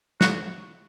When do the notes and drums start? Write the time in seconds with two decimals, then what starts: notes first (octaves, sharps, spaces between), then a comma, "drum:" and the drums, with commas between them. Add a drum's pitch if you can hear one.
0.21 F#4, drum: snare